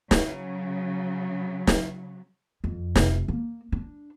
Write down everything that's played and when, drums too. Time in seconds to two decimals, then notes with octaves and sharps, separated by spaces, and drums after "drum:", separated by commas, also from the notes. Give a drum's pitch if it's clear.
0.11 C#3 F#3, drum: snare
1.67 drum: snare
2.64 F2
2.96 F1, drum: snare
3.28 A#3
3.72 D4